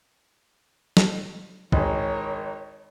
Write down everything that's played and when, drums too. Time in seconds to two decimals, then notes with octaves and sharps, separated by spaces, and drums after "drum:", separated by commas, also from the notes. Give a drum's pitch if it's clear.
0.97 drum: snare
1.72 G#1 G#3 A#4 C#5, drum: kick